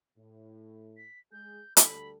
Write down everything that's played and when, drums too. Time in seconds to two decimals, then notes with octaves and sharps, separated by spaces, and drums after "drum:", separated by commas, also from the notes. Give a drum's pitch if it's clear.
0.18 A2
0.97 B6
1.32 G#3 G#4 G6
1.77 D2 G3 A4 B5, drum: hi-hat